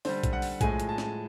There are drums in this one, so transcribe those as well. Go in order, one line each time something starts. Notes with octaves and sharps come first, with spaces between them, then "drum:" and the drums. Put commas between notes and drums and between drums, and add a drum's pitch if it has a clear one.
D3 G3 C5, drum: open hi-hat
drum: kick B1, hi-hat
F#5
drum: open hi-hat
A2 F3 G#3 G#5, drum: kick B1, hi-hat
drum: hi-hat
A5
drum: snare